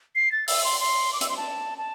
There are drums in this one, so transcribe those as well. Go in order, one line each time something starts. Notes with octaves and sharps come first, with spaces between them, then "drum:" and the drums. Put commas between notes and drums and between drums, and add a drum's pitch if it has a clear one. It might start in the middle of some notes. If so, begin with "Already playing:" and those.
C7
A6
E6, drum: open hi-hat
C6
C6
D6
E6, drum: hi-hat
C6
A5
A5